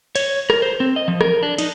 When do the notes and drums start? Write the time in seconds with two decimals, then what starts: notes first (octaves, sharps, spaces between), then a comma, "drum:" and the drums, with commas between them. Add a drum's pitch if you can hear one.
0.16 C#5, drum: cymbal
0.50 A#4, drum: rim click
0.62 C5
0.80 C4
0.96 D#5
1.08 F3
1.21 A#4, drum: rim click
1.43 D4
1.58 D#4, drum: cymbal